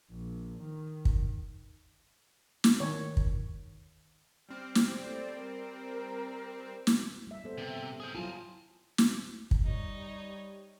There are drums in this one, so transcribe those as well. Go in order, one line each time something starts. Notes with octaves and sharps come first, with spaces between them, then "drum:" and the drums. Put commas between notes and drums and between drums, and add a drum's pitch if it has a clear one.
A#1
D#3
drum: kick
drum: snare
D#3 C#5
drum: kick
G3 C4 F6
drum: snare
A4 C5 D5
A#4
drum: snare
G3 E5
B3 A4 C5
C3
G#4 C5
F#3 E4 F4 G#5 A5
drum: snare
drum: kick
G3 D#4 C#5